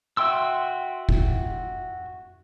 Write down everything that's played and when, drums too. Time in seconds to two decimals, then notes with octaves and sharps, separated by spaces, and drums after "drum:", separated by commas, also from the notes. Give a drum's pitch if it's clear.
0.17 F#4 E5 G5 C6 E6
1.09 drum: kick F1